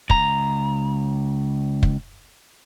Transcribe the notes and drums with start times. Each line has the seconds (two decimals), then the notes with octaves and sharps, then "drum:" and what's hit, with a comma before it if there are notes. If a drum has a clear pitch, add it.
0.10 C#2 A#5, drum: kick
1.83 drum: kick